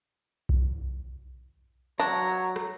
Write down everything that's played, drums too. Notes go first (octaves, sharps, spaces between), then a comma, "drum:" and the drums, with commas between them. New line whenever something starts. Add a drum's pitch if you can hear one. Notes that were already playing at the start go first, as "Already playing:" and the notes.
drum: kick B1
F#3 D4 C#5 A#5
drum: rim click